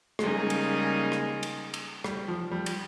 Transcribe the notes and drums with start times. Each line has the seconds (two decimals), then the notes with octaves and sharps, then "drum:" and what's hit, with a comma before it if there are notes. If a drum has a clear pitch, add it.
0.19 C#3 G3 G#3 A#3 D#4 G#4, drum: rim click
0.50 drum: cymbal
1.12 drum: rim click
1.43 drum: cymbal
1.74 drum: cymbal
2.04 G3, drum: rim click
2.28 F3
2.51 G3
2.66 drum: cymbal